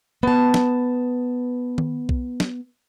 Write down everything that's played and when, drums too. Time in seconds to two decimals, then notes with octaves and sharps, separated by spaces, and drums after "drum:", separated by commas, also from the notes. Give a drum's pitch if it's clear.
0.23 B3 A5
0.54 drum: snare
1.78 drum: tom D#3
2.09 drum: kick B1
2.40 drum: snare